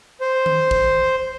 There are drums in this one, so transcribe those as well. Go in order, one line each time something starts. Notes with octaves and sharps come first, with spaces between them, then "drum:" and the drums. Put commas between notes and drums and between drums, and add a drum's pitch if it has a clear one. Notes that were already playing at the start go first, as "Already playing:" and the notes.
C5
drum: tom D#3
drum: kick